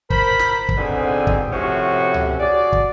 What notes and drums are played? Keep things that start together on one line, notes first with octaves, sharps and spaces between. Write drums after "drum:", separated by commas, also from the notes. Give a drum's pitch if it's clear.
A#4 C5 B5, drum: kick
drum: snare
drum: kick
G#2 B2 D3 C4 G#4
drum: kick
A2 C3 F3 C#4 F#4
drum: tom C2
F#4 G#4 D5
drum: kick